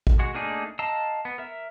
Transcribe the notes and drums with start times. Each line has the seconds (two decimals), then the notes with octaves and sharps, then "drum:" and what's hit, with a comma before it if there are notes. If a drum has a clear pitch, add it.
0.07 drum: kick
0.19 G#3 F#4
0.34 A3 A#3 D4 D#4 G#4
0.79 D#5 F5 A5 A#5 E6
1.25 B3
1.38 A#4 E5